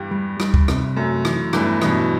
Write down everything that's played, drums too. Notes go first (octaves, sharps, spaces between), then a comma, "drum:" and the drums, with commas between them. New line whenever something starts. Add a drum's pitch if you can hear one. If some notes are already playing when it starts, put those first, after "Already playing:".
Already playing: E2 G2 G4
G3
G3, drum: rim click
drum: kick
C3, drum: rim click
F#2 A3
E3, drum: rim click
E2 G2 A3, drum: rim click
G2 B2 E3, drum: rim click